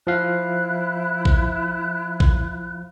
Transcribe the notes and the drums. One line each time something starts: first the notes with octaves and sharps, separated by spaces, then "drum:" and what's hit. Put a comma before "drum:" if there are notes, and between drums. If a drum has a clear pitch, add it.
F3 E4 F5 F#6
drum: kick A#1
drum: kick A#1